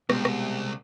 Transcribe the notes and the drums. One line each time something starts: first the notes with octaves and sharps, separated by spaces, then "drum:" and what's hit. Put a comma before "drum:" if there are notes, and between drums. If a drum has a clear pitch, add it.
C2 B2 G#3 G4, drum: rim click
drum: rim click